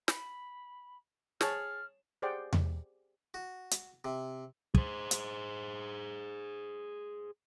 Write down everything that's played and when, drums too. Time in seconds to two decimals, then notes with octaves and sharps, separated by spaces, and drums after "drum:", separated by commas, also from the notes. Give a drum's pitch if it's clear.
0.08 B5, drum: snare
1.41 G#4 C#5 A5 F6, drum: snare
2.22 G4 G#4 C5 D5 F#5 G5
2.53 drum: tom E2
3.34 F#4
3.71 drum: hi-hat
4.05 C3
4.74 G#4 C5, drum: kick
5.11 drum: hi-hat